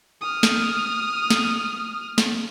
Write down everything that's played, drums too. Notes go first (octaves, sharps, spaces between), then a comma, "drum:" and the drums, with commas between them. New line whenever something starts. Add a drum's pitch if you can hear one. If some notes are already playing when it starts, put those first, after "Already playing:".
D#6 F6
drum: snare
drum: snare
drum: snare